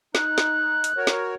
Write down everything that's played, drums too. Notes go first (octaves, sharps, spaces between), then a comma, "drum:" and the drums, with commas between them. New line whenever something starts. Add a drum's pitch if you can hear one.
D#4 F#6, drum: snare
drum: snare
drum: hi-hat
F#4 A#4 C#5
drum: snare